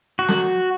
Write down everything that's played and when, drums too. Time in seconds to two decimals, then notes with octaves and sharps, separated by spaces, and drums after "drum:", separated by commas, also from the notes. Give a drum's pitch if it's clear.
0.19 F#4
0.28 drum: snare